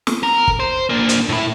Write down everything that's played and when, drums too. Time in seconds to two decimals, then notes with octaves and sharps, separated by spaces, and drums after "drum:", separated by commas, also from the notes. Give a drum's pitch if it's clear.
0.07 drum: snare
0.23 A#4
0.48 drum: kick
0.60 C5
0.90 A#3 D4
1.09 drum: hi-hat
1.29 A2 E4